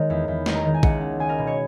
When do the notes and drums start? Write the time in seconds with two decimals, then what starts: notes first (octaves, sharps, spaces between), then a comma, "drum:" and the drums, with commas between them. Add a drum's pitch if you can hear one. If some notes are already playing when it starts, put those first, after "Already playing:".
Already playing: D#3 G#3 A#4 C#5
0.10 E2
0.28 E2
0.46 G#3, drum: snare
0.55 A#5
0.65 D#3
0.74 G#5
0.83 C#2 F#5, drum: kick
1.01 C#4
1.20 G#3 G#5
1.29 A#4
1.38 B2
1.47 C#5